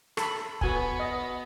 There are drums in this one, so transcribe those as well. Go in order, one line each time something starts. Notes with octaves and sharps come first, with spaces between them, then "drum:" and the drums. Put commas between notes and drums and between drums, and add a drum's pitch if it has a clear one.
A4 B5, drum: rim click
B3 F#4 G#5, drum: kick
D#5